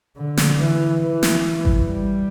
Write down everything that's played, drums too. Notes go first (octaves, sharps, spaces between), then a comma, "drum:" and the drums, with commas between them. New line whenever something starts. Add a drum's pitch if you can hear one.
D3
drum: snare
E3
E3
drum: snare
drum: kick G#1
G3